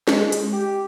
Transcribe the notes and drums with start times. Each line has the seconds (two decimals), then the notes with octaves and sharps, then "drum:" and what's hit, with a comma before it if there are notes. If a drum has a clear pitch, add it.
0.08 G#3, drum: snare
0.32 drum: hi-hat
0.52 G4